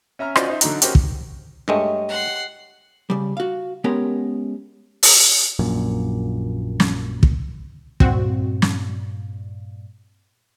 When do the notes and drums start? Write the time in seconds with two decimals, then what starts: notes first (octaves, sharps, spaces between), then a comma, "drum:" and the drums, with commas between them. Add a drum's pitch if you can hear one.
0.19 C#4 E5 A#5 F6
0.36 C#4 F4 F#4 C5 D5 D#5, drum: rim click
0.48 D#4 C5 E5
0.61 D3 F#3 D#4 A#5, drum: hi-hat
0.82 C#4 D#4 F#4 G4 A#4 C5, drum: hi-hat
0.95 drum: kick
1.68 G2 G#3 A3 G4 C#5 D#5
2.09 F#5 C6
3.10 C#3 G3
3.37 F#4 F5
3.84 G#3 B3 C#4 G4 A#4
5.03 drum: open hi-hat
5.59 A#1 F#2 A#2
6.80 drum: snare
7.23 drum: kick
8.00 G2 A#2 C4 F#4, drum: kick
8.62 drum: snare